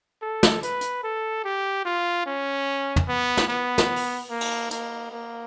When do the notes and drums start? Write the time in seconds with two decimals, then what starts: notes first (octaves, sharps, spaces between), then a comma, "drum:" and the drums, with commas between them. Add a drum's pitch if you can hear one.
0.22 A4
0.43 drum: snare
0.63 B4, drum: hi-hat
0.81 drum: hi-hat
1.04 A4
1.44 G4
1.85 F4
2.26 C#4
2.96 drum: tom
3.08 B3
3.37 drum: snare
3.48 B3
3.78 drum: snare
3.96 drum: open hi-hat
4.30 A#3
4.41 drum: cymbal
4.71 A#3, drum: hi-hat
5.12 A#3